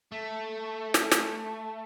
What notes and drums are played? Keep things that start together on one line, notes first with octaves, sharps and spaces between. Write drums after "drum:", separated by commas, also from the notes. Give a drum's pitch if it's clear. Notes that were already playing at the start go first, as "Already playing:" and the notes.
A3
drum: snare
drum: snare